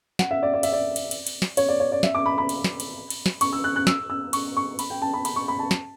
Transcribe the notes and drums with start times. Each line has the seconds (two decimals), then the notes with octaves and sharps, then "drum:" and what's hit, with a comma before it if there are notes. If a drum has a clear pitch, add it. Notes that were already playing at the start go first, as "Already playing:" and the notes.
0.19 F#5, drum: snare
0.31 E5
0.43 D5
0.54 D5
0.63 E5, drum: cymbal
0.73 D5
0.96 drum: cymbal
1.11 drum: cymbal
1.27 drum: cymbal
1.42 drum: snare
1.57 C#5, drum: cymbal
1.69 D5
1.80 C#5
1.92 D5
2.03 E5, drum: snare
2.15 D6
2.26 B5
2.38 B5
2.49 drum: cymbal
2.64 drum: snare
2.80 drum: cymbal
3.10 drum: cymbal
3.26 drum: snare
3.41 C#6, drum: cymbal
3.53 E6
3.64 F#6
3.76 F#6
3.87 E6, drum: snare
4.10 E6
4.33 C#6, drum: cymbal
4.57 C#6
4.79 B5, drum: cymbal
4.90 G5
5.02 A5
5.14 B5
5.25 B5, drum: cymbal
5.36 C#6
5.48 B5
5.59 A5
5.71 drum: snare